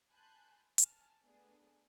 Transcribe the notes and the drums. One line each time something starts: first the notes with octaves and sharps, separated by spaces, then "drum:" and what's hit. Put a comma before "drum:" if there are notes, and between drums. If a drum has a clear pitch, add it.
G#5 A5 B5 C6 F#6 G6
G#5 A5 F6, drum: hi-hat
A3 B3 D4 G#4